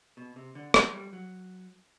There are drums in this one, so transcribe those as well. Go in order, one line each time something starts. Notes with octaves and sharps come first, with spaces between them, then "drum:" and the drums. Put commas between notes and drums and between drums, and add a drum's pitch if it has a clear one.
B2
C3
D3
A3, drum: rim click
G3
F#3